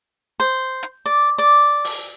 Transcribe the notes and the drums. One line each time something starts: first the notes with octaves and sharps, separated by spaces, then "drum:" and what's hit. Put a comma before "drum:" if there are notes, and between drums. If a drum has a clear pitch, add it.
C5
drum: hi-hat
D5
D5
drum: open hi-hat